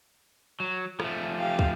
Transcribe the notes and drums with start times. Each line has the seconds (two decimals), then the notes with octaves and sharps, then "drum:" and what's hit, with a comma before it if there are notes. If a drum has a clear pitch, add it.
0.60 F#3
1.00 F3 A3, drum: rim click
1.38 G4 F5
1.59 drum: kick